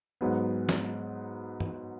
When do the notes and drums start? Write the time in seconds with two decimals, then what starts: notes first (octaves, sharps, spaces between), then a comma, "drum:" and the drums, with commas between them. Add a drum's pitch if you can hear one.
0.21 G#2 F#3 B3
0.69 drum: snare
1.60 drum: tom